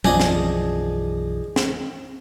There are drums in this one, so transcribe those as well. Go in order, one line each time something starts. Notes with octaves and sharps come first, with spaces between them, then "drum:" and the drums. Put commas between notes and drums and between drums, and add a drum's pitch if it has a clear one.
B1 F#2 E3 F3 G#4 D5 D#5, drum: tom F3
drum: snare
drum: snare